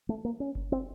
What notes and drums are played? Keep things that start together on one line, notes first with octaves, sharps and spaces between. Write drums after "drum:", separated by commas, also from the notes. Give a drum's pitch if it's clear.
A3
A#3
C#4
drum: kick G1
C4